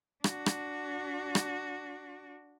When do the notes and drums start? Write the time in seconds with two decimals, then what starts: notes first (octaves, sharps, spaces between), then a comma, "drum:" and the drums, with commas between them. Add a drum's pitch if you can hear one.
0.24 D4 F#4, drum: rim click
0.46 drum: rim click
1.35 drum: rim click